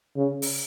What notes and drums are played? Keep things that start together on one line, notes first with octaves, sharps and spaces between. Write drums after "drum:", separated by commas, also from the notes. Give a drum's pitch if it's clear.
C#3
drum: open hi-hat